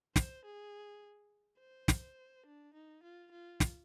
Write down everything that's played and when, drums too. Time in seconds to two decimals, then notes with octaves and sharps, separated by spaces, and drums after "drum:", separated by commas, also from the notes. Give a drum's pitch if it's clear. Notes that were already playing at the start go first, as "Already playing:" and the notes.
0.16 C5, drum: snare
0.45 G#4
1.59 C5
1.88 drum: snare
2.46 D4
2.74 D#4
3.03 F4
3.32 F4
3.60 drum: snare